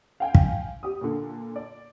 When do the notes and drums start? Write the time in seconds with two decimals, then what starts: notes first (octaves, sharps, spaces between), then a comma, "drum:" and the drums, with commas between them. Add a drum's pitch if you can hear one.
0.20 F5 G5 G#5
0.35 drum: kick
0.83 G4 D#6
1.01 A#2 D3
1.56 D5